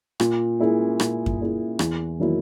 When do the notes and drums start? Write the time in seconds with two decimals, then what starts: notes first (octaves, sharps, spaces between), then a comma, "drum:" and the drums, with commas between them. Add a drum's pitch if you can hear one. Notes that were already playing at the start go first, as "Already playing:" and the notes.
0.20 A#2, drum: rim click
0.59 A#3 E4 G#4
1.00 A#2, drum: rim click
1.26 drum: kick F#2
1.39 A#3 E4 G#4
1.79 E2, drum: rim click
2.19 D#3 F#3 A#3 E4